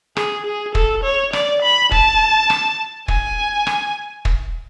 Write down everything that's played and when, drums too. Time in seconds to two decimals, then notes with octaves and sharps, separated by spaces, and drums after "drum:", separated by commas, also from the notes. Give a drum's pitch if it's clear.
0.17 G#4, drum: rim click
0.46 G#4
0.75 A4, drum: kick
1.04 C#5
1.33 D5, drum: rim click
1.62 B5
1.92 A5, drum: kick
2.50 drum: rim click
3.08 G#5, drum: kick
3.67 drum: rim click
4.25 drum: kick